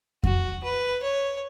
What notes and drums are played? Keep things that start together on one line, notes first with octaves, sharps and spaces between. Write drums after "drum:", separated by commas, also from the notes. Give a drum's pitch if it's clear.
F#4, drum: kick F2
B4
C#5